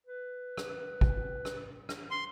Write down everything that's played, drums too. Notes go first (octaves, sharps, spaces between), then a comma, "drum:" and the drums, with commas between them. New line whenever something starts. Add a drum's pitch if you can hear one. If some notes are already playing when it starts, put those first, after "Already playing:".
B4
drum: rim click
drum: kick
drum: rim click
drum: rim click
C6